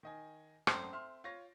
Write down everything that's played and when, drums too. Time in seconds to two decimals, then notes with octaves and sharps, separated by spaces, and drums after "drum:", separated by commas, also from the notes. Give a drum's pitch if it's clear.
0.03 D#3 D#5 G#5
0.67 G#1 F#2 A3 C4 A4 C5, drum: rim click
0.93 E5 C6 F6
1.24 F4 C#5 A#6